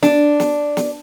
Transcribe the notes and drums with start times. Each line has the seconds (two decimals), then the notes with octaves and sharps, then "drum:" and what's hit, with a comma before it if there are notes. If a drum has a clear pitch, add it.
0.03 D4, drum: snare
0.40 drum: snare
0.77 drum: snare